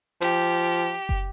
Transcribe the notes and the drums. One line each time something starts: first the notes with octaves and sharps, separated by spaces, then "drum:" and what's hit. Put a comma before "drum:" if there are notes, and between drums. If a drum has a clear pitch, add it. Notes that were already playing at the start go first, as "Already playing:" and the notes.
F3 G4
drum: kick F#1